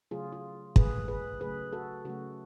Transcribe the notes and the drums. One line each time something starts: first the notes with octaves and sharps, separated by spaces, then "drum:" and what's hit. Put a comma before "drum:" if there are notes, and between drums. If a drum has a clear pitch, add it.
C#3 F#3 A3 F4 G#4
F4
C#3 F#3 A3 G#4 B4, drum: kick
G#4 B4
C#3 F#3 A3 G#4 B4
F#4 A4
C#3 F#3 A3 F#4